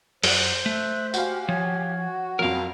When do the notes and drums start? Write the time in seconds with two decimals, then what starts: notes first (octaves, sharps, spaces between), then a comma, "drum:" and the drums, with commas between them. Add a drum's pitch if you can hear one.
0.23 F#2 C5 F#5, drum: open hi-hat
0.66 A3 E5 F#6
1.14 F#4 G4 F5 G#5, drum: tambourine
1.49 F3 C#5
1.98 F#4
2.39 F2 F#3 F4 A#4 F5